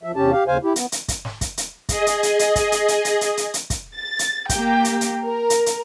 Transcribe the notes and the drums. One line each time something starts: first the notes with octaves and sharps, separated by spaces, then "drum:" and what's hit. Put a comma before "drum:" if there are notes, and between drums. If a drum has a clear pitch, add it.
F3 E5
E2 C3 C#4 G4 A5
G4 F5
D#2 C#3 C5 F5 G#5
E4 G4
B3, drum: hi-hat
drum: hi-hat
drum: kick, hi-hat
drum: snare
drum: kick, hi-hat
drum: hi-hat
G#4 D#5, drum: kick, hi-hat
drum: hi-hat
drum: hi-hat
drum: hi-hat
drum: kick, hi-hat
drum: hi-hat
drum: hi-hat
drum: hi-hat
drum: hi-hat
drum: hi-hat
drum: hi-hat
drum: kick, hi-hat
A6
drum: hi-hat
A#3 G4 G5, drum: kick, hi-hat
drum: hi-hat
drum: hi-hat
A#4
drum: hi-hat
drum: hi-hat